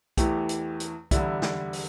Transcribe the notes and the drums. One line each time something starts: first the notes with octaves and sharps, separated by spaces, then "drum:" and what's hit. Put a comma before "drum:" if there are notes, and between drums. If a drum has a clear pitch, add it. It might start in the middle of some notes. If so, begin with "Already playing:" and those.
E2 E3 A3 G4, drum: kick B1, hi-hat
drum: hi-hat
drum: hi-hat
E2 D3 G3 E4, drum: kick B1, hi-hat
drum: snare
drum: open hi-hat